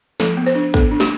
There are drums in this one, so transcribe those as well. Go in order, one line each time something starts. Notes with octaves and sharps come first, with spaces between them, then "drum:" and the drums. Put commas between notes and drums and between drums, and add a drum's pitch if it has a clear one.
F3 A4, drum: snare
B3
C5
D4
B3 A4, drum: kick, hi-hat
D4
G4, drum: snare